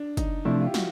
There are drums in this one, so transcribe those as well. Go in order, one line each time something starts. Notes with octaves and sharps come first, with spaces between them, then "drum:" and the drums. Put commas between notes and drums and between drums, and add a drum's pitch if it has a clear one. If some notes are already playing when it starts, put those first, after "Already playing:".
Already playing: D4
D#4, drum: kick, hi-hat
C3 F3 A3 D4 E4
F4
G4
F#4, drum: snare